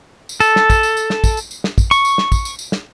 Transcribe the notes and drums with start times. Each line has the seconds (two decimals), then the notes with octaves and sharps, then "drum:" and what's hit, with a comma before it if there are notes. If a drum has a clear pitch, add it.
0.29 drum: tambourine
0.40 A4, drum: tambourine
0.56 drum: snare
0.70 drum: kick, tambourine
0.83 drum: tambourine
0.97 drum: tambourine
1.10 drum: snare
1.24 drum: kick, tambourine
1.37 drum: tambourine
1.51 drum: tambourine
1.64 drum: snare
1.78 drum: kick, tambourine
1.91 C#6, drum: tambourine
2.05 drum: tambourine
2.18 drum: snare
2.32 drum: kick, tambourine
2.45 drum: tambourine
2.59 drum: tambourine
2.72 drum: snare